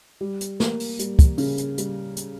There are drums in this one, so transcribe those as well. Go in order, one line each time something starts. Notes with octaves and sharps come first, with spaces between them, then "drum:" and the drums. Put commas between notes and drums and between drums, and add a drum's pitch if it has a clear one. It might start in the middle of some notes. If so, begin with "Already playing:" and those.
G3
drum: hi-hat
A#3, drum: snare
drum: open hi-hat
G3, drum: hi-hat
drum: kick, hi-hat
C#3, drum: open hi-hat
drum: hi-hat
G3, drum: hi-hat
drum: hi-hat